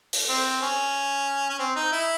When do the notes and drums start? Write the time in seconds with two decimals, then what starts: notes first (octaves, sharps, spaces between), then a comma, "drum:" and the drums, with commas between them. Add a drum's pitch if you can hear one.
0.13 drum: open hi-hat
0.29 C4
0.62 C#4
1.49 C#4
1.59 C4
1.76 D#4
1.92 E4